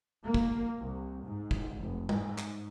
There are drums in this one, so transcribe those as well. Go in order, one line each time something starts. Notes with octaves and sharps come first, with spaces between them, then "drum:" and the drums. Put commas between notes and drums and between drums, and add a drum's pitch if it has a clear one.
A#3
drum: kick
C2
G#2
drum: kick
F1
G#2, drum: tom G3
drum: clap